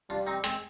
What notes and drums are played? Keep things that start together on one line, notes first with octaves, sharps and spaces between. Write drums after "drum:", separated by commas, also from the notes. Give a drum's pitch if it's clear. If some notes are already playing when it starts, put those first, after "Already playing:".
G3 D4 F4
C4 D#4
G#3 C4, drum: hi-hat